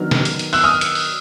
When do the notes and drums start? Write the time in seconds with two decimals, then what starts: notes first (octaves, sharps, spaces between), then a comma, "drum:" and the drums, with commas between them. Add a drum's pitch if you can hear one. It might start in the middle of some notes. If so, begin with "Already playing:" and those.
Already playing: D#3 F#3 B3 D4 F6
0.11 drum: snare
0.25 drum: hi-hat
0.39 drum: hi-hat
0.53 E6 F#6, drum: open hi-hat
0.64 D#6 F6
0.81 drum: hi-hat
0.95 drum: open hi-hat